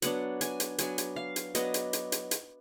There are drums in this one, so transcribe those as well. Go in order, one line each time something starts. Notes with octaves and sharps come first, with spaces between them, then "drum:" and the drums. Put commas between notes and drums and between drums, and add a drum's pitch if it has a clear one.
F#3 B3 D4 F#5, drum: hi-hat
G#5, drum: hi-hat
drum: hi-hat
F#3 B3 D4 G#5, drum: hi-hat
drum: hi-hat
F5
drum: hi-hat
F#3 B3 D4 D#5, drum: hi-hat
drum: hi-hat
drum: hi-hat
drum: hi-hat
drum: hi-hat